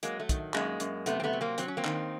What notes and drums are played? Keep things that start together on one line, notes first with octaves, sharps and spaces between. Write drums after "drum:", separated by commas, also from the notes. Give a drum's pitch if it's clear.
F#3 G#3 A#3, drum: hi-hat
A3
D#3, drum: kick, hi-hat
F#2 G#3 A#3, drum: clap
F#2, drum: hi-hat
C3 A3 B3, drum: hi-hat
C4
A3 B3
F#3
A#3 C4
F#3 C4, drum: hi-hat
C#4
A#3 C4
D#3, drum: clap